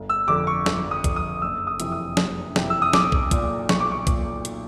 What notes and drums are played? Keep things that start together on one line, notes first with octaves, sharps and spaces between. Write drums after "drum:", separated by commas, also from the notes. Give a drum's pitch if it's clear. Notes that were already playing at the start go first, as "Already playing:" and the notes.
Already playing: G1
E6
F2 D3 D6
C#6
G1, drum: snare
D#6
F2 D3, drum: kick, hi-hat
D#6
F#1 E6
D#6
F2 C3 E3, drum: hi-hat
D#6
F#1, drum: snare
F2 C3 E3, drum: snare
E6
D#6
B1 D6, drum: snare
drum: kick
A#2, drum: kick, hi-hat
B1 C#6, drum: snare
D6
C#6
A#2, drum: kick, hi-hat
drum: hi-hat